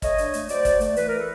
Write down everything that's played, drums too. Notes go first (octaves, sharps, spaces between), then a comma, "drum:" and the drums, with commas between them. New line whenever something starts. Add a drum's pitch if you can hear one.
A3 C#5 D#5, drum: kick, hi-hat
D4, drum: hi-hat
A3, drum: hi-hat
F#3 C5 D5, drum: hi-hat
F#3, drum: kick, hi-hat
A3, drum: hi-hat
E3 B4, drum: hi-hat
E3 A#4
A4 B4